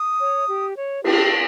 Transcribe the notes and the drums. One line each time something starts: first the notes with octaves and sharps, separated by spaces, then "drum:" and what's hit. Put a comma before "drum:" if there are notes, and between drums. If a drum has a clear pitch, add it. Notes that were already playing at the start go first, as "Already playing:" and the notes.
Already playing: D#6
C#5
G4
C#5
G4, drum: cymbal